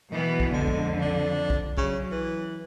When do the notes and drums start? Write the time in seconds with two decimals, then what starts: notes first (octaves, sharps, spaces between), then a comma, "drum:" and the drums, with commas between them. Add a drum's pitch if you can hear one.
0.13 B2 E3 B3
0.40 drum: kick B1
0.53 F2 D3 G#3
0.67 drum: kick B1
1.01 D4
1.50 drum: kick B1
1.78 C#3 F#3, drum: kick B1
2.12 E3